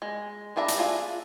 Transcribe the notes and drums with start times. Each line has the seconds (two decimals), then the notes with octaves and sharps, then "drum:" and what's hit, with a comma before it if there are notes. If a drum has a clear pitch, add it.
0.02 G#3
0.56 E3 G3 D4 E5 A#5
0.68 drum: hi-hat
0.78 D4 F4 G#4 E5